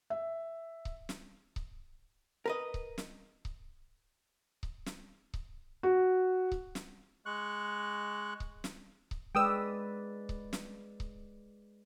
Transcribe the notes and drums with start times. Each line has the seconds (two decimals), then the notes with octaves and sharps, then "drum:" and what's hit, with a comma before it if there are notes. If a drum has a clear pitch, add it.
0.10 E5
0.85 drum: kick C#1
1.09 drum: snare
1.56 drum: kick C#1
2.46 A#4 B4 D#5
2.74 drum: kick C#1
2.98 drum: snare
3.45 drum: kick C#1
4.63 drum: kick C#1
4.86 drum: snare
5.34 drum: kick C#1
5.83 F#4
6.52 drum: kick C#1
6.75 drum: snare
7.26 G#3 C#6 F#6
8.40 drum: kick C#1
8.64 drum: snare
9.11 drum: kick C#1
9.35 G#3 B4 D5 G5 D#6 E6
10.29 drum: kick C#1
10.53 drum: snare
11.00 drum: kick C#1